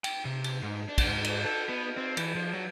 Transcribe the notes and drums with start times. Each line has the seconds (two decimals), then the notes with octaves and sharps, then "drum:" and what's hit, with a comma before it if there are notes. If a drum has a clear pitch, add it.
0.04 G5, drum: cymbal
0.25 C3
0.44 drum: cymbal
0.63 G#2
0.89 D4
0.98 drum: kick, cymbal
1.08 G#2
1.25 drum: cymbal
1.45 A4
1.69 B3
1.97 C4
2.17 E3, drum: cymbal
2.35 F3
2.53 F#3